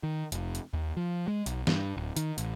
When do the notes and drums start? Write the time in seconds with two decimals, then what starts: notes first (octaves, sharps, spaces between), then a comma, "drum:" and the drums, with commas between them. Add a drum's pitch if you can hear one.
0.03 D#3
0.32 F1, drum: hi-hat
0.55 drum: hi-hat
0.73 D#2
0.97 F3
1.28 G#3
1.46 B1, drum: hi-hat
1.67 G2, drum: snare
1.97 D1
2.17 D#3, drum: hi-hat
2.38 A1, drum: hi-hat